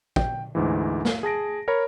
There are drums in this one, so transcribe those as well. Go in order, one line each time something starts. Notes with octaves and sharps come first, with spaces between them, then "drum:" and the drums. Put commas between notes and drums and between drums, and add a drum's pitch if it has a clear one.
G5, drum: kick
D2 G#2 E3
drum: snare
G#4 A5 A#6 D7
A#4 C#5 A#5 B5